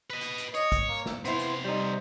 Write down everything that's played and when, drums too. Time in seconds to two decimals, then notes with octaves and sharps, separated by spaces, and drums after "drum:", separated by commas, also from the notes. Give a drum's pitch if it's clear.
0.10 B4 D#5
0.21 drum: hi-hat
0.38 drum: hi-hat
0.54 C#5 D#5, drum: hi-hat
0.72 drum: kick, hi-hat
0.89 A#3
1.06 drum: snare
1.25 C3 B3 E4 C5 F5, drum: hi-hat
1.39 drum: hi-hat
1.65 G3 D#4 C5